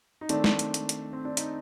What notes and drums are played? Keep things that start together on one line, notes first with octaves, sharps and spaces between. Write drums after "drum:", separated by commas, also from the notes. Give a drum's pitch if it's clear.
D#4
D#3 A3 C4 D4, drum: hi-hat
drum: snare
drum: hi-hat
drum: hi-hat
drum: hi-hat
C4
D4
D#4, drum: hi-hat